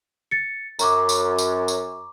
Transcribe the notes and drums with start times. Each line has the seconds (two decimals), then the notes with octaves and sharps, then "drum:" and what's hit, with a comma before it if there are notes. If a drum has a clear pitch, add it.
0.31 A6 C#7
0.79 F#2 A#5 C#6 D6, drum: tambourine
1.09 drum: tambourine
1.38 drum: tambourine
1.68 drum: tambourine